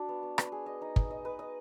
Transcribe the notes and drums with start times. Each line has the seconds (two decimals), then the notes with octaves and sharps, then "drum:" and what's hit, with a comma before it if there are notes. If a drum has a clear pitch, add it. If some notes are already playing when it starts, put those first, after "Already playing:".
Already playing: D4 F#4
0.09 B3
0.23 B3
0.38 B4, drum: rim click
0.52 G#4
0.66 D#5
0.82 D#4
0.96 D#5, drum: kick
1.11 D#5
1.25 B4
1.39 D#5